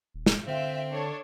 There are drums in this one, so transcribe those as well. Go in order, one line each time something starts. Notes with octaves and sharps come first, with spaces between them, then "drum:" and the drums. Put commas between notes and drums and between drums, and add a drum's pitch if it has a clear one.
D#1
drum: snare
D3 C4 F4 E5 G5
D4 A4 C#5